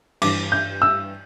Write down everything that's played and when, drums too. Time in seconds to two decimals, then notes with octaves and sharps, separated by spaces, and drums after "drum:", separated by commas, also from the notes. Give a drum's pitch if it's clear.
0.22 G2 E3 D6, drum: cymbal
0.52 G6
0.82 E6